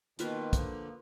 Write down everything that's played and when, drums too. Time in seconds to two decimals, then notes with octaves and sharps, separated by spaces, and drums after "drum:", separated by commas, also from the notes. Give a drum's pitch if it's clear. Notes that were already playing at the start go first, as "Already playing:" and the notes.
0.19 B2 D#3 A#3 F4 B4, drum: hi-hat
0.53 D3 F3, drum: kick, hi-hat